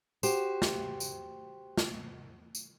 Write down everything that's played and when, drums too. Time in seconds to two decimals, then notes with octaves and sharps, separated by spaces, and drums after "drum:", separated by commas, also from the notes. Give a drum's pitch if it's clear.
0.23 F#4 G4 C5, drum: tambourine
0.62 drum: snare
1.00 drum: tambourine
1.78 drum: snare
2.55 drum: tambourine